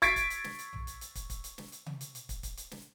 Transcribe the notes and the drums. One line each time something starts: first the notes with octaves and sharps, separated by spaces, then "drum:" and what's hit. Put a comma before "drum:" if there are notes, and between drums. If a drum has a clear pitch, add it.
C#6 G#6 A6 B6 C7 D7, drum: kick, hi-hat
drum: kick, hi-hat
drum: hi-hat
drum: snare
drum: hi-hat
drum: tom
drum: hi-hat
drum: hi-hat
drum: kick, hi-hat
drum: kick, hi-hat
drum: hi-hat
drum: snare
drum: hi-hat
drum: tom C3
drum: hi-hat
drum: hi-hat
drum: kick, hi-hat
drum: kick, hi-hat
drum: hi-hat
drum: snare